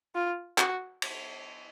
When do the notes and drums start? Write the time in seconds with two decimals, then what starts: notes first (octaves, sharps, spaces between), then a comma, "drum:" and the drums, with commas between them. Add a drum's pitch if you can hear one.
0.15 F4
0.58 F#4, drum: clap
1.02 drum: cymbal